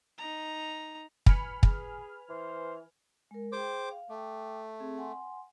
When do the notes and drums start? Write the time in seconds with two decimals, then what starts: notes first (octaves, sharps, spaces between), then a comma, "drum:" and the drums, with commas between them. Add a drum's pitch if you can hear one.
0.18 D#4 A#5
1.26 B4 G#5 B5 F6 C#7, drum: kick
1.63 G#4, drum: kick
2.29 E3 C5
3.31 G#3 A#4
3.52 G#4 C5 G5 D6
3.91 F5
4.09 A3 G5 D6
4.80 C4 G#4
4.98 F#5 G#5 C6